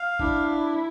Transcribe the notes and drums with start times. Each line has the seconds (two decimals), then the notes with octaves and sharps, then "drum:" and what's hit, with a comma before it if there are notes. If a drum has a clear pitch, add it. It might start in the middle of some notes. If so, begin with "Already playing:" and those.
Already playing: F5
0.19 D4 E4, drum: kick G1